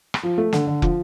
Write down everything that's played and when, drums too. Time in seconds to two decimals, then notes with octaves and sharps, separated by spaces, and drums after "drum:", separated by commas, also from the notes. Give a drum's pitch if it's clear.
0.14 drum: rim click
0.23 F3
0.38 A3
0.53 D3, drum: snare
0.67 D3
0.82 F3, drum: kick